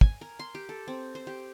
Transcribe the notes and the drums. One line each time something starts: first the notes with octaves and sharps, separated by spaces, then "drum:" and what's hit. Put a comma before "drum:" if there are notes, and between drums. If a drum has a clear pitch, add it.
G#5, drum: kick
A#4
C6
G4
A4
C4
C5
G4